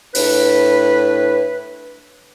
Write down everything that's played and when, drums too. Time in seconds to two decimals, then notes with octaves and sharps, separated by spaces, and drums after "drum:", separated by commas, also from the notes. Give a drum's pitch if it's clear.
0.15 A2 D4 B4, drum: open hi-hat